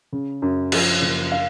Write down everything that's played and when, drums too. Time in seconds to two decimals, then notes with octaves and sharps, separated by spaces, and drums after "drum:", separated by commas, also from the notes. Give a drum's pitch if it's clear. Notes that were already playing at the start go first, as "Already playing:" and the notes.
0.13 C#3
0.42 F#2
0.72 F3, drum: cymbal
1.02 F#1
1.32 F5